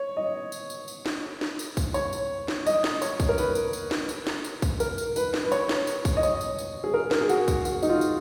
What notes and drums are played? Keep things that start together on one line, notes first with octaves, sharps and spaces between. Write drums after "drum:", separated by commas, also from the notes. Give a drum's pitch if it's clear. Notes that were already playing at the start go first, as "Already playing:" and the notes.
Already playing: C#5
D#5
drum: tambourine
drum: tambourine
drum: tambourine
drum: snare
drum: snare
drum: tambourine
drum: kick B1, tambourine
C#5, drum: tambourine
drum: tambourine
drum: snare
D#5, drum: tambourine
drum: snare
C#5, drum: tambourine
drum: kick B1, tambourine
A#4
B4, drum: tambourine
drum: tambourine
drum: tambourine
drum: snare
drum: tambourine
drum: snare
drum: tambourine
drum: kick B1, tambourine
A#4, drum: tambourine
drum: tambourine
B4, drum: tambourine
drum: snare
B4
C#5, drum: tambourine
drum: snare
drum: tambourine
drum: kick B1, tambourine
D#5
C#5, drum: tambourine
drum: tambourine
drum: tambourine
G#4
A#4
A#4, drum: snare
G#4
F#4, drum: tambourine
drum: kick B1, tambourine
F#4, drum: tambourine
D#4, drum: tambourine
F4
drum: tambourine